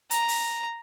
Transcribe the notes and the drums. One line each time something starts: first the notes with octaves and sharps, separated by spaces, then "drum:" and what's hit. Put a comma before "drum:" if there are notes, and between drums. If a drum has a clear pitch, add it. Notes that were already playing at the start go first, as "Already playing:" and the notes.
A#5, drum: hi-hat
drum: open hi-hat